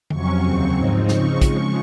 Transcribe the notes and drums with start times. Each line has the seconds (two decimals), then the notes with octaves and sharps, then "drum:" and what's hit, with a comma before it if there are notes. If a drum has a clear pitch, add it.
0.10 F2 C3 F#3 C#4 C#6, drum: tom D3
0.43 D#2 C#3 F#3 C4
0.75 G#2 F3 C4 D#4
1.08 C#3 F3 C4 D#4 C#6, drum: snare
1.42 C#3 F3 G#3, drum: kick, hi-hat